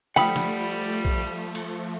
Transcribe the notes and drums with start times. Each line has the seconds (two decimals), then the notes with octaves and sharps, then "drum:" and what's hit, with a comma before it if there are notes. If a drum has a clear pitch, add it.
0.16 F3 G3 A3 F#5 G5 B5 D#6, drum: snare
0.36 drum: snare
1.05 drum: kick A#1
1.55 drum: cymbal